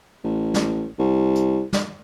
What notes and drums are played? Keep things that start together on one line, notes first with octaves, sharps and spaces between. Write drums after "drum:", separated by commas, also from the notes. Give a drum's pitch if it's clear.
A1
drum: snare
C2
drum: hi-hat
drum: snare